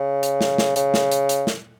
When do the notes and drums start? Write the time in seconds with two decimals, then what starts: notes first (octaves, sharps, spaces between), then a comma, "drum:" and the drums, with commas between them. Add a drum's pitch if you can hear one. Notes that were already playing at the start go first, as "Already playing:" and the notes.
Already playing: C#3
0.23 drum: hi-hat
0.41 drum: snare
0.58 drum: snare
0.76 C#3, drum: hi-hat
0.94 drum: snare
1.12 drum: hi-hat
1.29 drum: hi-hat
1.47 drum: snare